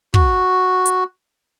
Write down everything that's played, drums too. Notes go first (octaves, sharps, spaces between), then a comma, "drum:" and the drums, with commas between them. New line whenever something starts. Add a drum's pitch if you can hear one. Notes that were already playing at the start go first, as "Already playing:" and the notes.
F#4, drum: kick
drum: hi-hat